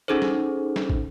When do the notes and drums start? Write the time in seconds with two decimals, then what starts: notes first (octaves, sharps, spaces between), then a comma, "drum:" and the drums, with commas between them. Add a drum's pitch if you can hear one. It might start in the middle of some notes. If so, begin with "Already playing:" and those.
0.08 C#4 D#4 G#4 A4 C5
0.22 drum: snare
0.76 drum: snare
0.90 drum: kick